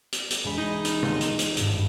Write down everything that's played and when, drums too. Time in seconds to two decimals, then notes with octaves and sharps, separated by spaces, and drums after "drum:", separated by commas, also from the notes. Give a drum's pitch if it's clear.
0.12 drum: hi-hat
0.30 drum: hi-hat
0.44 E1 G#3 B5
0.58 D#4 G#6
0.85 drum: hi-hat
1.03 drum: tom C3
1.21 drum: hi-hat
1.39 drum: hi-hat
1.57 G#1 G2, drum: hi-hat